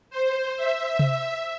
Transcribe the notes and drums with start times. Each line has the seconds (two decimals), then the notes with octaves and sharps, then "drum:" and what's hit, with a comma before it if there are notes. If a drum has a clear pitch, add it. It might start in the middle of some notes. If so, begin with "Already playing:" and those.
0.10 C5
0.57 E5
0.99 drum: tom C3